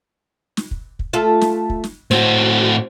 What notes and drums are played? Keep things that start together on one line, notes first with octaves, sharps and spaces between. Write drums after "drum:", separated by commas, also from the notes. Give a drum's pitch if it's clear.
drum: snare
drum: kick
drum: kick
A3 F4 A4
drum: snare
drum: kick
drum: snare
A2 C4 F#4, drum: snare